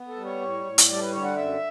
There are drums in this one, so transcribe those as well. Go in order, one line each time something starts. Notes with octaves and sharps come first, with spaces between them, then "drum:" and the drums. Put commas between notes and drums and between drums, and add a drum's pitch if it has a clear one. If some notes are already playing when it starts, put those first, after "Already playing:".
Already playing: B3
A4
G3
C#5
A2
A2
drum: hi-hat
G3 D5
A4
B4
D3 C#5
F#5
F#2 E5